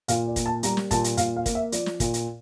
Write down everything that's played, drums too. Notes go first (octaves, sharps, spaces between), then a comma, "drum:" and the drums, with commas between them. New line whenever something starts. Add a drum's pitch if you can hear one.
A#2 F5, drum: hi-hat
D5
A#3, drum: kick, hi-hat
A5
G3 A#5, drum: hi-hat
drum: snare
A#2 A5, drum: kick, hi-hat
drum: hi-hat
A#2 F5, drum: hi-hat
F5
A#3, drum: kick, hi-hat
E5
F3 D5, drum: hi-hat
drum: snare
A#2, drum: kick, hi-hat
drum: hi-hat